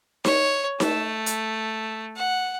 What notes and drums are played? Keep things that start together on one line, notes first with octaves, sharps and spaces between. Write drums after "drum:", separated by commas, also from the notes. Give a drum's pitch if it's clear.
C#5, drum: snare D#4
A3, drum: snare D#4
drum: hi-hat
F#5